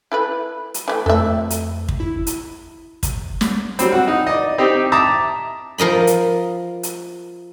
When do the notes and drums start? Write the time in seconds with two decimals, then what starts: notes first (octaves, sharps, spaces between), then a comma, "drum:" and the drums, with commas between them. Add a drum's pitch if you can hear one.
0.12 E4 A4 B4
0.74 drum: hi-hat
0.88 E3 A3 B4 G5
1.06 F2 A3 A4 E5
1.50 drum: hi-hat
1.89 drum: kick
2.00 E4
2.27 drum: hi-hat
3.03 drum: kick, hi-hat
3.41 drum: snare
3.79 F#3 G3 C4, drum: hi-hat
3.92 F#4 F#5
4.08 D#4
4.27 D5 D#5
4.58 C4 D#4 G4
4.92 E5 A5 A#5 D6 D#6
5.78 F3 A#4 D#5 B5
6.07 drum: hi-hat
6.83 drum: hi-hat